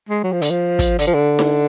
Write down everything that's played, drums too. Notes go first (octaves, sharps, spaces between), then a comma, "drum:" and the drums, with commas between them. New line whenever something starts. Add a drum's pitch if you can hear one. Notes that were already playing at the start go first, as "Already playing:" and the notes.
G#3
F#3
F3
D3, drum: hi-hat
F3
drum: kick, hi-hat
D3, drum: hi-hat
F3
D3
drum: snare D#4